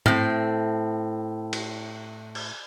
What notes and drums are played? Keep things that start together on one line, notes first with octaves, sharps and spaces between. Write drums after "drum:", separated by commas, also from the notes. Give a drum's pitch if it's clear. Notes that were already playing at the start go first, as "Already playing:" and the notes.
A2 C4, drum: tom G#2
drum: cymbal
drum: cymbal